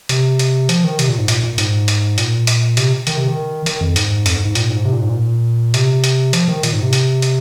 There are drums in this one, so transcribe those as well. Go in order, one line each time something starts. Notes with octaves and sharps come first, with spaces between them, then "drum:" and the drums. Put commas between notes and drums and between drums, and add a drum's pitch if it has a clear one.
C3, drum: hi-hat
drum: hi-hat
F3, drum: hi-hat
D#3
C3, drum: hi-hat
A#2
G#2
A#2, drum: hi-hat
A#2
G#2, drum: hi-hat
drum: hi-hat
A#2, drum: hi-hat
drum: hi-hat
C3, drum: hi-hat
D#3, drum: hi-hat
C3
D#3
D#3, drum: hi-hat
F2
G#2, drum: hi-hat
F2, drum: hi-hat
G#2
G#2
A#2, drum: hi-hat
G#2
C3
A#2
G#2
A#2
C3, drum: hi-hat
drum: hi-hat
F3, drum: hi-hat
D#3
A#2, drum: hi-hat
G#2
C3
drum: hi-hat
drum: hi-hat